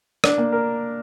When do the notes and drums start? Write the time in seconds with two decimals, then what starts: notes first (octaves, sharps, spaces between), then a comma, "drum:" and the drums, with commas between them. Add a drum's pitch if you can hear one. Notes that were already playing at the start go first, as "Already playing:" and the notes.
0.24 D4, drum: rim click
0.38 A#3
0.52 A#4